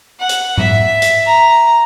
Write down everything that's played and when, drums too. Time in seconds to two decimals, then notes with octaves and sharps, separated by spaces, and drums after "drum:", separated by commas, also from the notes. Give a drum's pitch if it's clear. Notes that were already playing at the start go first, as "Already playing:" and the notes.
0.20 F#5
0.29 drum: hi-hat
0.57 E5, drum: tom G#2
1.02 drum: hi-hat
1.27 A#5